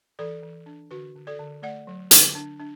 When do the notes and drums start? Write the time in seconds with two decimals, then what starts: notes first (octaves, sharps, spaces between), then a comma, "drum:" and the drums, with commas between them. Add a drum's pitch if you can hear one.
0.19 E3 A4 D5
0.43 E3
0.66 D4
0.91 D3 F#4 B4
1.15 D3
1.27 A4 D5
1.40 D3
1.62 A3 D5 F#5
1.87 F#3
2.11 D3, drum: hi-hat
2.35 D4
2.60 D4